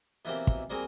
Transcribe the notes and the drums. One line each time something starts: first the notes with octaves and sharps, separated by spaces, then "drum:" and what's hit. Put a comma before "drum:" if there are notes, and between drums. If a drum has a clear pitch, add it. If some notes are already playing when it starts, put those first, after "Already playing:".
B2 E3 A#3 C4 G4
drum: kick
G3 A#3 C4 F#4 G#4